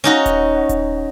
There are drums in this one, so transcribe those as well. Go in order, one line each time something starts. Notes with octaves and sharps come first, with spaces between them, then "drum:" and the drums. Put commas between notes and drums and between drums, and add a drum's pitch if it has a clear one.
C#4 D#4 F#4
drum: kick D#1, hi-hat
drum: kick D#1, hi-hat